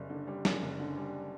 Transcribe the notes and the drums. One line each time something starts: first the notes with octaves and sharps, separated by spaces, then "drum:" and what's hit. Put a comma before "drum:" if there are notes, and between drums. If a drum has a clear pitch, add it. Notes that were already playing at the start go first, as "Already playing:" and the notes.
Already playing: F#1 F#2 G3
D3
G3
F#2, drum: snare
F#1
D3
G3